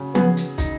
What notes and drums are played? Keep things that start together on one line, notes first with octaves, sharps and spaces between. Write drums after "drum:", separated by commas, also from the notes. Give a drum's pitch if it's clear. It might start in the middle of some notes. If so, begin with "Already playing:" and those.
Already playing: C#3 F#3
B3 G#4, drum: tom F3
drum: hi-hat
D#4, drum: kick, hi-hat